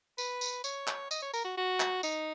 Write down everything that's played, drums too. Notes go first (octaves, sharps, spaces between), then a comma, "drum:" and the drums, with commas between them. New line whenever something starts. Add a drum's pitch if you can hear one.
B4, drum: tambourine
drum: tambourine
C#5, drum: tambourine
drum: clap
D#5, drum: tambourine
C#5
A#4, drum: tambourine
F#4
F#4
drum: clap
D#4, drum: tambourine